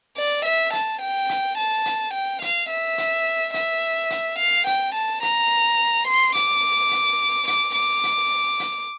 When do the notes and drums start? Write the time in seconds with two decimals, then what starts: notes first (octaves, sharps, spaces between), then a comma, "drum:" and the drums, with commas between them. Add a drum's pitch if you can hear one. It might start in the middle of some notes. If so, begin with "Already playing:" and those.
0.17 D5
0.45 E5
0.73 A5, drum: hi-hat
1.01 G5
1.29 drum: hi-hat
1.58 A5
1.86 drum: hi-hat
2.13 G5
2.42 F5, drum: hi-hat
2.70 E5
2.98 drum: hi-hat
3.54 E5, drum: hi-hat
4.10 drum: hi-hat
4.38 F5
4.67 G5, drum: hi-hat
4.94 A5
5.23 A#5, drum: hi-hat
6.07 C6
6.35 D6, drum: hi-hat
6.91 drum: hi-hat
7.47 D6, drum: hi-hat
7.75 D6
8.03 drum: hi-hat
8.60 drum: hi-hat